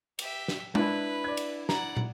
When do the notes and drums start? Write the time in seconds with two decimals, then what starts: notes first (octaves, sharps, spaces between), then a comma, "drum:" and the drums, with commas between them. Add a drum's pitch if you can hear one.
0.19 G4 E5, drum: cymbal
0.48 drum: snare
0.75 D4 E4 B4, drum: tom G#3
1.24 D5 G#6
1.37 drum: cymbal
1.69 D5 F#5 A#5, drum: snare
1.97 drum: tom